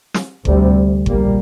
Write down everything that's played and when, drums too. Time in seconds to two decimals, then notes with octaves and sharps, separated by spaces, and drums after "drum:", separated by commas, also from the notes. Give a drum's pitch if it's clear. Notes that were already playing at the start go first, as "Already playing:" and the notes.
0.14 drum: snare
0.45 D2 C3 G3, drum: kick G1
1.06 A#1 A#2 G3 A#3, drum: kick G1